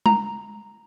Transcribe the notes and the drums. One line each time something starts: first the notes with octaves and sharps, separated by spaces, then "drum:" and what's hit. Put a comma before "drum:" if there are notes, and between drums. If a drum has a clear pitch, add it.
A#5, drum: tom G#3